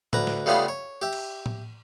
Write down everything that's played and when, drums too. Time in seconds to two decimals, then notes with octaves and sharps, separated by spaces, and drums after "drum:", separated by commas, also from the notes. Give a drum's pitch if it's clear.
0.13 D2 B4 A#5, drum: tom A2
0.27 drum: snare
0.46 C#3 G3 A3 B3 F4 G#4
0.68 C#5
1.02 G4 E5
1.13 drum: cymbal
1.46 drum: tom A2